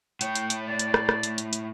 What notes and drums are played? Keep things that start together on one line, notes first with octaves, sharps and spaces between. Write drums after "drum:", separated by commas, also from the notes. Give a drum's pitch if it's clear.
A2 C#5 G5, drum: hi-hat
drum: hi-hat
drum: hi-hat
D5
drum: hi-hat
drum: rim click
drum: rim click
drum: hi-hat
drum: hi-hat
drum: hi-hat